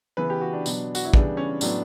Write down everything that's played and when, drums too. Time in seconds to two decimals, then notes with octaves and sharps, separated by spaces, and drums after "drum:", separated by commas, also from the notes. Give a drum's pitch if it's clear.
0.17 C#3 E3 B3 B4
0.30 G4
0.41 F#4
0.53 D4
0.66 B2 F#3 B3, drum: tambourine
0.95 F#4, drum: tambourine
1.05 E4
1.14 C#3 E3 G3 B3 D4, drum: kick
1.37 C#4
1.61 A2 F#3 B3 D4, drum: tambourine